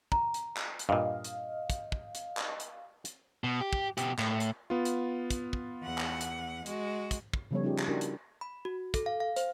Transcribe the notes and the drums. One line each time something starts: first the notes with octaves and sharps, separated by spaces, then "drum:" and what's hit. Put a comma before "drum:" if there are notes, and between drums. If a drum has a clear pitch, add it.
A#5, drum: kick
drum: hi-hat
drum: clap
drum: hi-hat
G2 A#2 D#5 F5
drum: hi-hat
drum: kick, hi-hat
drum: kick
drum: hi-hat
drum: clap
drum: hi-hat
drum: hi-hat
B2
G4
drum: kick
B2 G4, drum: hi-hat
A2, drum: clap
drum: hi-hat
B3 F4
drum: hi-hat
drum: kick, hi-hat
drum: kick
E2 F#5
drum: clap
drum: hi-hat
G#3 F#4, drum: hi-hat
drum: kick, hi-hat
drum: kick
C#3 F3 G3 B3 A4 C#5
G3 C#4 D#4 F4 G4 G#4
drum: clap
C#4 D4 E4 F#4 G4 A#4
drum: hi-hat
B5
F#4
A4, drum: kick, hi-hat
F5
F5
C5, drum: hi-hat